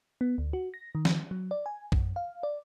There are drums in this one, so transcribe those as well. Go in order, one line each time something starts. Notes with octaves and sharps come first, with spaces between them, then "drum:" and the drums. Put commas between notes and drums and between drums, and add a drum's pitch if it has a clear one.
B3
D2
F#4
A#6
D#3
drum: snare
F#3
D5
G#5
F#2, drum: kick
F5
D5